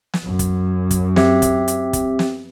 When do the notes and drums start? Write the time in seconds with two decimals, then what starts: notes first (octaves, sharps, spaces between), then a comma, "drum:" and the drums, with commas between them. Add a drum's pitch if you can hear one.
0.14 drum: snare
0.25 F#2
0.39 drum: kick, hi-hat
0.91 drum: kick, hi-hat
1.16 C4 G4 E5, drum: snare
1.42 drum: kick, hi-hat
1.68 drum: hi-hat
1.93 drum: kick, hi-hat
2.19 drum: snare